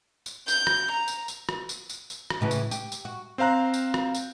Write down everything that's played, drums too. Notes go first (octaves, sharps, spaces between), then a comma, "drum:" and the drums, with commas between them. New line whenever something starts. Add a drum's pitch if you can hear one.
drum: tambourine
G6, drum: tambourine
drum: rim click
A#5
drum: tambourine
drum: tambourine
drum: rim click
drum: tambourine
drum: tambourine
drum: tambourine
drum: rim click
A2 C#3 E3
drum: tambourine
G4, drum: tambourine
drum: tambourine
F#4
C4 C5 F5 A#5 F#6
drum: tambourine
drum: rim click
drum: tambourine